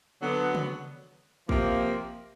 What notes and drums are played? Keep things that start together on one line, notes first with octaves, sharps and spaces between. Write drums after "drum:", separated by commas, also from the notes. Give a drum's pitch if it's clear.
D3 F#3 B3
drum: tom C#3
C3 F3 A#3, drum: kick